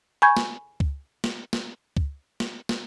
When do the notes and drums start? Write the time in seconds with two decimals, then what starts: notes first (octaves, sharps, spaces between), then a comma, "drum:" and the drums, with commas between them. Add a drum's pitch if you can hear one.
0.22 G#5 B5 C#6 G6 G#6
0.37 drum: snare
0.80 drum: kick C#2
1.24 drum: snare
1.53 drum: snare
1.97 drum: kick C#2
2.40 drum: snare
2.69 drum: snare